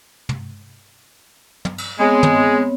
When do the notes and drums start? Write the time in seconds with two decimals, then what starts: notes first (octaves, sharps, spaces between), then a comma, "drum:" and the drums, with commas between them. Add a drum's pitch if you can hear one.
0.29 drum: tom
1.65 drum: tom
1.78 drum: cymbal
1.99 G#3 B3 C4 C#5
2.23 drum: tom